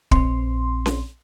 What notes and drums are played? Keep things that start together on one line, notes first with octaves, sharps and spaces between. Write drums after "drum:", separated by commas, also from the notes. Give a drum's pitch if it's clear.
A#1 C4 C6, drum: kick
drum: snare C#4